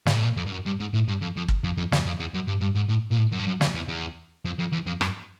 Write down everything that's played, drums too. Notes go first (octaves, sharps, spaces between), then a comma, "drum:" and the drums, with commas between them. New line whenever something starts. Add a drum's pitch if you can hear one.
G#2, drum: snare
A2
A#2
F2
G2
F#2
G2
G#2
A2
G2
F2
F2
drum: kick
F2
F2
F2, drum: snare
F2
E2
F#2
G2
G2
G#2
A2
A#2
A2
F#2
G2
F#2
F2, drum: snare
E2
E2
F2
F2
E2
F2
F#2, drum: rim click